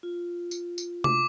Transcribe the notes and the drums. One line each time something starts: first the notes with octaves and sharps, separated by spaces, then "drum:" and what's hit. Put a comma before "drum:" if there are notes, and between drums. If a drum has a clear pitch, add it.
F4
drum: tambourine
drum: tambourine
D6, drum: tom C3